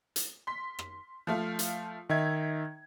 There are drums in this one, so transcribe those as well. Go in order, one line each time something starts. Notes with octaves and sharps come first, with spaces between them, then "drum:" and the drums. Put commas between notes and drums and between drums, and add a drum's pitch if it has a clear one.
drum: hi-hat
C6 B6
drum: rim click
F3 A3 F4
drum: hi-hat
D#3 D#4 E5 G#6